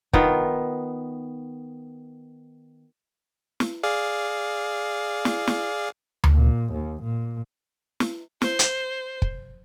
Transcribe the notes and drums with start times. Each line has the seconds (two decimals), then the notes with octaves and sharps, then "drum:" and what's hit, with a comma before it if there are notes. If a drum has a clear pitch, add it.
0.13 D#3 B3 F4, drum: kick
3.60 drum: snare
3.83 G#4 D5 F5
5.25 drum: snare
5.48 drum: snare
6.24 drum: tom D2
6.34 A#2
6.73 D#2
7.03 A#2
8.00 drum: snare
8.42 C5, drum: snare
8.59 drum: hi-hat
9.22 drum: kick